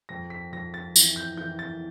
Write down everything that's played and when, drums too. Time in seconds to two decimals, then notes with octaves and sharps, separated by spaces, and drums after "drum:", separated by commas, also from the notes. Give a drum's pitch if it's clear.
0.09 F2 A#6
0.30 B6
0.52 F2 A#6
0.74 A6
0.96 E3, drum: tambourine
1.16 G6
1.37 E3 G6
1.59 A6